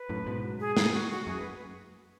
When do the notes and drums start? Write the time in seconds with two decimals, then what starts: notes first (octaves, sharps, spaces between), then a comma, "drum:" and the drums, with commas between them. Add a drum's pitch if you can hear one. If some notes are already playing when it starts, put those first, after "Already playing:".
Already playing: B4
0.09 F#2 A2
0.26 G#2 B2
0.60 G#4
0.77 G#4, drum: snare
0.94 F#4
1.10 F#4
1.27 F#2 G#4
1.38 B4